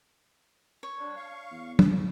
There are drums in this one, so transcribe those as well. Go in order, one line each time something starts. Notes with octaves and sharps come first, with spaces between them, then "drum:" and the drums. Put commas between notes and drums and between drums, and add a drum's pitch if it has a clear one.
C#5
G3 D4
F5 C#6
E2
drum: tom